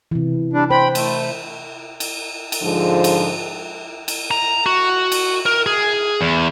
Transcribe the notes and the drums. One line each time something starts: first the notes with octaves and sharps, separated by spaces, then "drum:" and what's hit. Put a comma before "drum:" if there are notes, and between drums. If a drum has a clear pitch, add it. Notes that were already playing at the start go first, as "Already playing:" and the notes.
C3 E3
G3 D4
C5 G5 B5
A3, drum: cymbal
drum: cymbal
drum: cymbal
G#2 D3 F3
drum: cymbal
drum: cymbal
A#5
F#4
drum: cymbal
A#4
G#4
E2